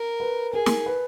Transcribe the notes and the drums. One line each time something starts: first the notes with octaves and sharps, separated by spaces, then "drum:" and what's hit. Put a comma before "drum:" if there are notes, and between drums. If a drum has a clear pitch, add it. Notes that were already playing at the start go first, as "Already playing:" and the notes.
Already playing: A#4
B4
G#4 A#4
drum: snare
B4